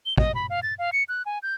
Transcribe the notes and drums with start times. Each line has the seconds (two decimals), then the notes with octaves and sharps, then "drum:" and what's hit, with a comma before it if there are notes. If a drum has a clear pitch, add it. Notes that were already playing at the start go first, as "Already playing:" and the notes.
0.06 G7
0.17 D#5, drum: kick
0.35 B5
0.50 F5
0.63 A6
0.79 F5
0.93 C#7
1.09 F#6
1.26 G#5
1.43 G6